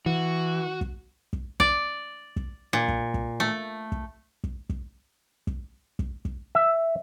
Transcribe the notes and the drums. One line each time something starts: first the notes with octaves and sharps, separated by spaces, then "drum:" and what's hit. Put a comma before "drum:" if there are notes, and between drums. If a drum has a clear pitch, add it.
E3 F#4
drum: kick
drum: kick
D5, drum: kick
drum: kick
A#2
drum: kick
drum: kick
A3
drum: kick
drum: kick
drum: kick
drum: kick
drum: kick
drum: kick
E5